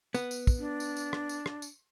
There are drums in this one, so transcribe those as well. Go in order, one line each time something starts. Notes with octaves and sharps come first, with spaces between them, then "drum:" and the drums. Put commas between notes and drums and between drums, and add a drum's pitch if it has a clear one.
B3, drum: tambourine
drum: tambourine
drum: kick, tambourine
D4
drum: tambourine
drum: tambourine
drum: rim click
drum: tambourine
drum: rim click
drum: tambourine